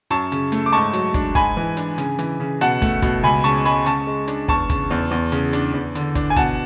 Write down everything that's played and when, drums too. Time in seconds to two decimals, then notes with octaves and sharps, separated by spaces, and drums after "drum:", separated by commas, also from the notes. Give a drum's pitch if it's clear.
0.10 F#2 A5 C#6, drum: hi-hat
0.32 C#3, drum: hi-hat
0.52 A3, drum: hi-hat
0.66 D6
0.72 G#2 A5 C#6
0.93 F#3, drum: hi-hat
1.14 D4, drum: kick, hi-hat
1.35 G#2 G#5 B5, drum: kick, hi-hat
1.57 E3
1.77 D4, drum: hi-hat
1.98 C#3, drum: hi-hat
2.19 E3, drum: hi-hat
2.40 C#3
2.61 B2 F#5 A5, drum: hi-hat
2.82 A3, drum: kick, hi-hat
3.02 B2, drum: kick, hi-hat
3.23 C#2 G#5 B5
3.44 C#3 A5 C#6, drum: hi-hat
3.65 G#3 G#5 B5, drum: hi-hat
3.86 C#3 A5 C#6, drum: hi-hat
4.07 G#3
4.28 D4, drum: hi-hat
4.48 E2 A5 C#6, drum: kick
4.70 C#3, drum: kick, hi-hat
4.91 E2
5.11 E2
5.32 C#3, drum: hi-hat
5.53 D4, drum: hi-hat
5.74 E2
5.95 D3, drum: hi-hat
6.15 D4, drum: kick, hi-hat
6.30 G#5
6.36 B2 F#5 A5, drum: kick, hi-hat